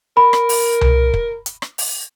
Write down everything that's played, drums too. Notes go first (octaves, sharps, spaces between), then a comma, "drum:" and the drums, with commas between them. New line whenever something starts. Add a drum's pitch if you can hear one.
A#4 B5
drum: rim click
drum: open hi-hat
drum: tom C2
drum: kick
drum: hi-hat
drum: rim click
drum: open hi-hat